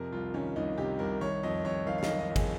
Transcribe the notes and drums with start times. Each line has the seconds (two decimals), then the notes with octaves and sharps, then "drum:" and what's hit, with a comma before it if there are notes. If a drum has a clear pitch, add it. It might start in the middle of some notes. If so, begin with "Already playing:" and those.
Already playing: F2 C3 A#4
0.12 C2 F4
0.34 D#3 C#4
0.56 C2 D#4
0.78 C3 G4
0.99 C2 A#4
1.21 D#3 C#5
1.43 F2 D#5
1.65 F2 C#5
1.87 D#3 F5
1.98 F5
2.03 D#5, drum: snare
2.09 D#3
2.19 D#5
2.30 F2
2.36 G#4, drum: kick, cymbal